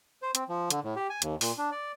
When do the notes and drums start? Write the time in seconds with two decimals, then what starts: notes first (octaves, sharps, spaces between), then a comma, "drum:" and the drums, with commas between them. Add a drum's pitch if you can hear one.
0.22 C5
0.35 C4, drum: hi-hat
0.49 F3
0.70 D3, drum: hi-hat
0.84 A2
0.96 G4
1.10 G#5
1.22 D#2, drum: hi-hat
1.41 A#2, drum: open hi-hat
1.58 D4
1.72 D5